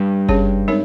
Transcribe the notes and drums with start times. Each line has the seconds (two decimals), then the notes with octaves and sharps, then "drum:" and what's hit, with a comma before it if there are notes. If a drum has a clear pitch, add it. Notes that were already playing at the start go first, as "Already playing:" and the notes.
Already playing: G2 G3
0.29 C#4 G#4 C#5, drum: kick F#1
0.68 G#3 C4 D#4 A#4 C#5